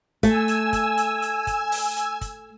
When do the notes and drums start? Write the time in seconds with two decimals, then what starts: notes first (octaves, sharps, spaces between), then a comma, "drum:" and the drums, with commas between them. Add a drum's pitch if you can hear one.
0.23 A3 G#5 E6, drum: kick, hi-hat
0.48 drum: hi-hat
0.73 drum: kick, hi-hat
0.97 drum: hi-hat
1.22 drum: hi-hat
1.47 drum: kick, hi-hat
1.72 drum: open hi-hat
1.97 drum: hi-hat
2.21 drum: kick, hi-hat